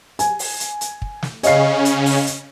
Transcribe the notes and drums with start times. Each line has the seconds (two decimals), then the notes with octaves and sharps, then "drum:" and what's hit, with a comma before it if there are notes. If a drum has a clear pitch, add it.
0.19 G#5, drum: hi-hat
0.39 drum: open hi-hat
0.60 drum: hi-hat
0.81 drum: hi-hat
1.02 drum: kick
1.23 drum: snare
1.43 C#3 C#4 D#5 F5 C7, drum: hi-hat
1.85 drum: hi-hat
2.06 drum: open hi-hat
2.27 drum: hi-hat